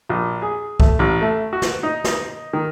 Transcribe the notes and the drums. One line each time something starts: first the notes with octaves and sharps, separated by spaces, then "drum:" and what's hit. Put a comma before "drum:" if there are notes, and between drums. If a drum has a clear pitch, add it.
A#1
G#4
A3, drum: kick C2
A1
A3
F#4
drum: snare
D#4
drum: snare
D#3